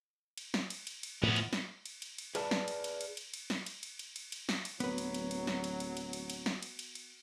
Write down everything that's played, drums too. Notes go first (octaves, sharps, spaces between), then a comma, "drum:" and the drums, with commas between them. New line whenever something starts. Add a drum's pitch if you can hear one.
drum: cymbal
drum: snare
drum: cymbal
drum: cymbal
drum: cymbal
E2 A2 F3 B3
drum: cymbal
drum: snare
drum: cymbal
drum: cymbal
drum: cymbal
G#4 B4 D5 A5, drum: cymbal
drum: snare
drum: cymbal
drum: cymbal
drum: cymbal
drum: cymbal
drum: cymbal
drum: snare
drum: cymbal
drum: cymbal
drum: cymbal
drum: cymbal
drum: cymbal
drum: snare
drum: cymbal
D1 F#3 B3 B4, drum: cymbal
drum: cymbal
drum: cymbal
drum: cymbal
drum: snare
drum: cymbal
drum: cymbal
drum: cymbal
drum: cymbal
drum: cymbal
drum: snare
drum: cymbal
drum: cymbal
drum: cymbal